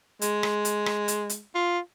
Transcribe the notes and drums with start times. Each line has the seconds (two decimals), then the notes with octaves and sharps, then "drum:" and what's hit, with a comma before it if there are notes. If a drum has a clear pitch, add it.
0.22 G#3, drum: hi-hat
0.43 drum: rim click
0.65 drum: hi-hat
0.86 drum: rim click
1.08 drum: hi-hat
1.29 drum: hi-hat
1.55 F4